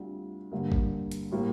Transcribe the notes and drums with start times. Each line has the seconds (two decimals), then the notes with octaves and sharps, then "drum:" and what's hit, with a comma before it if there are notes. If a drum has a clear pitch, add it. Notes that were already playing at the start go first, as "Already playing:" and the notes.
Already playing: D2 D3 G3 C4 F4
0.52 G2 D3 G3 A#3
0.72 drum: kick G#1
1.11 drum: hi-hat
1.31 A2 G3 A#3